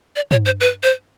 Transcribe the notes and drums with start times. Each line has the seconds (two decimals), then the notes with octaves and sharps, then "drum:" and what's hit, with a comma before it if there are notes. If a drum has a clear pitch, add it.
0.16 D5
0.31 C#5, drum: tom
0.46 C5
0.61 B4
0.83 C5